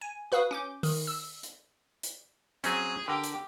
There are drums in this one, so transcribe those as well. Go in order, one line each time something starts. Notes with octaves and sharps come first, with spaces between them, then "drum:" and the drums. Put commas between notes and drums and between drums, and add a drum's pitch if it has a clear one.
G#5
F#4 B4 F5 D#6
C#4 D6 G6
D#3, drum: open hi-hat
E6
drum: hi-hat
drum: hi-hat
F#3 C4 C#4 G#4, drum: hi-hat
D3 G4 A#4
drum: hi-hat